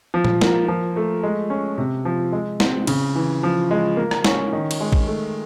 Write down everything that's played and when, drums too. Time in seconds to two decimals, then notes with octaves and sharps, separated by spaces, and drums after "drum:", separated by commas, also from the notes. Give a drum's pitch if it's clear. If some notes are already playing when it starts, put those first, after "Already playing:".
0.14 F3
0.25 drum: tom A#2
0.41 A#3, drum: snare
0.68 F3
0.96 A3
1.23 G#3
1.50 C#4
1.78 C3
2.05 F3
2.32 G#3
2.60 C4, drum: snare
2.87 C#3, drum: cymbal
3.16 E3
3.43 F3
3.71 G#3
3.97 A#3
4.11 drum: rim click
4.24 C#4, drum: snare
4.53 D#3
4.71 drum: cymbal
4.81 G#3
4.92 drum: kick
5.07 A3